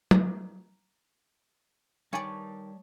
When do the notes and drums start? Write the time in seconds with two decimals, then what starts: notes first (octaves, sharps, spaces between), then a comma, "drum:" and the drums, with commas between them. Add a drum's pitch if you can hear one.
0.11 A#5, drum: tom F#3
2.13 D#3 G3 C#5 D5 G#5 A5 B5